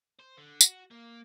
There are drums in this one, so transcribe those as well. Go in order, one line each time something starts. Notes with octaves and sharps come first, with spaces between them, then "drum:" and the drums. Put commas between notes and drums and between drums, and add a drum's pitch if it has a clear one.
C5
D3
F#4, drum: tambourine
A#3